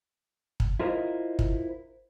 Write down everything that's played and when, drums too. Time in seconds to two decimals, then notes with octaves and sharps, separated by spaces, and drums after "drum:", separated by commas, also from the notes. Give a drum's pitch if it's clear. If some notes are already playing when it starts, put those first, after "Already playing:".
0.60 drum: kick
0.80 E4 F4 A#4 C5 D#5
1.39 drum: kick